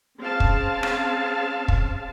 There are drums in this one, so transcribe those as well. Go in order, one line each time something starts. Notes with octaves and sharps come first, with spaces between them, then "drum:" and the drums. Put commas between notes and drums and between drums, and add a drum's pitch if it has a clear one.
C4 C#4 G#4 F5 A5
drum: kick
drum: rim click
drum: kick